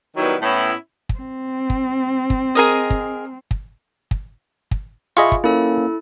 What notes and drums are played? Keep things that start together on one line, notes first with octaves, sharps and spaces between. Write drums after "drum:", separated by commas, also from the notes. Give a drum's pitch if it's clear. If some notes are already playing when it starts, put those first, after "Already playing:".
D#3 F#3 G3 B3 E4
A2 B3 C#4 E4
drum: kick
C4
drum: kick
drum: kick
G#4 A#4 D#5
drum: kick
drum: kick
drum: kick
drum: kick
F4 G#4 D#5 E5 B5 C#6
drum: kick
A#3 C#4 E4 A4